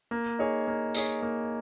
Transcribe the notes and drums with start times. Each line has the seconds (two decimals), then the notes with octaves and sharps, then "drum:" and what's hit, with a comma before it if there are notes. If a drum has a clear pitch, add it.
0.11 A#3
0.39 D#4 G#4 C#5
0.68 A#3
0.95 D#4 G#4 C#5, drum: tambourine
1.22 A#3